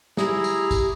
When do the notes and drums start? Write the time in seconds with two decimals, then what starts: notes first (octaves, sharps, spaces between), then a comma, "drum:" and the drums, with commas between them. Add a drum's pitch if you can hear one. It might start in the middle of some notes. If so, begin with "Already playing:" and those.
0.17 E4 G4 G#4 A#5, drum: snare
0.44 drum: tambourine
0.71 drum: kick, tambourine